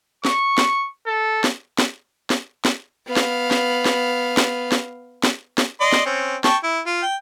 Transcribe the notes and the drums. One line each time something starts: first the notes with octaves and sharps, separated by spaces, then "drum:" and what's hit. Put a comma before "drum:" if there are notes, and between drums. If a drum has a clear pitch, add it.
C#6, drum: snare
drum: snare
A4
drum: snare
drum: snare
drum: snare
drum: snare
B3 F5
drum: snare
drum: snare
drum: snare
drum: snare
drum: snare
drum: snare
drum: snare
D5 D#5 C6
drum: snare
C4 C#4
G5 A5 C#6, drum: snare
E4
F4
G5